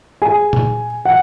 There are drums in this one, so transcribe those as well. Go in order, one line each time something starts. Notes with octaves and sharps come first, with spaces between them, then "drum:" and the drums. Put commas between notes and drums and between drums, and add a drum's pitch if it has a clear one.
G#4 G#5
drum: tom A#2
F#5